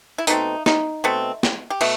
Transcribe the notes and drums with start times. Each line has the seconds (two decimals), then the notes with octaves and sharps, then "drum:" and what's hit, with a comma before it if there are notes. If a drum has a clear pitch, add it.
0.18 E4
0.27 B2 A3 C4 D#4, drum: hi-hat
0.66 D#4, drum: snare
1.04 B2 A3 C4
1.43 drum: snare
1.70 G4
1.81 B2 A3, drum: cymbal